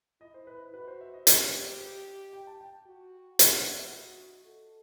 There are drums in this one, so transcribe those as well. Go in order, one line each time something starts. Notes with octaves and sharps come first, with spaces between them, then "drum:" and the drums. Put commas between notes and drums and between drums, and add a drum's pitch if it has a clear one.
E4 D#5
C5
B4
F#4 B4
C5
E5
D#5
G4 C5, drum: hi-hat
C5
D#5
G5
A5
G5
F#4
F#5, drum: hi-hat
F#5
E5
F#4 D#5
A4